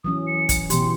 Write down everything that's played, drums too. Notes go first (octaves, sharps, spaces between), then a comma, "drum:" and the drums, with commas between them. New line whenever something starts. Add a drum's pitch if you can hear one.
E3 F#3 C#4 D#6
C#7
drum: kick, hi-hat
B2 E3 G4 C6, drum: hi-hat